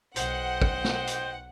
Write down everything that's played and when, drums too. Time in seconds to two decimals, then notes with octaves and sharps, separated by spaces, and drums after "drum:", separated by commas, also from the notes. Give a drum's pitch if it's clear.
0.16 B1 C5 D#5 F#5 G5, drum: hi-hat
0.62 drum: kick
0.84 drum: snare
1.07 drum: hi-hat